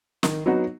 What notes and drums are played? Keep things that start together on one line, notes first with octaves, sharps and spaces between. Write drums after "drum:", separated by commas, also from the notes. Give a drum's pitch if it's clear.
D#3, drum: snare
F#3 B3 D#4 F#4